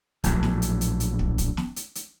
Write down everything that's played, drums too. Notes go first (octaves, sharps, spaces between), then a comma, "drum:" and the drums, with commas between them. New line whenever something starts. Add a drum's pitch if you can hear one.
A#1 A2 F#3, drum: kick, hi-hat
drum: snare
drum: hi-hat
drum: hi-hat
drum: hi-hat
drum: kick
drum: kick, hi-hat
drum: snare
drum: hi-hat
drum: hi-hat